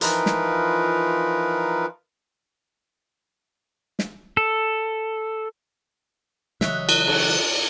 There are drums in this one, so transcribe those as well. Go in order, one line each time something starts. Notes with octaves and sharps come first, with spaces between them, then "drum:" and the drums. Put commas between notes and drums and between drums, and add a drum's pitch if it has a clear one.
E3 F3 D#4 F4 A#4 B4, drum: hi-hat
drum: snare
drum: snare
A4
C#3 E3 F#3 C#5 D#5 E5 F#6, drum: snare
drum: cymbal
drum: cymbal